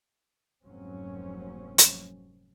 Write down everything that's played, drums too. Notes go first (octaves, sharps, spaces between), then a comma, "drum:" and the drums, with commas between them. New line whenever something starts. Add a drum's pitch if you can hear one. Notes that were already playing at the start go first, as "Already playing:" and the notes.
F1 G#2 F#3 A#3 C4 C#4
drum: hi-hat